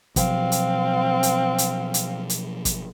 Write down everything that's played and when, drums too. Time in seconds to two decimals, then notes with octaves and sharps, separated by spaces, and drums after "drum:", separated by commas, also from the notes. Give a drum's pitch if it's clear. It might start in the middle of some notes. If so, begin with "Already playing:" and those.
0.16 B2 F3 F#3 C4 F5, drum: kick, hi-hat
0.52 drum: hi-hat
1.23 drum: hi-hat
1.58 drum: hi-hat
1.94 drum: hi-hat
2.30 drum: hi-hat
2.65 drum: kick, hi-hat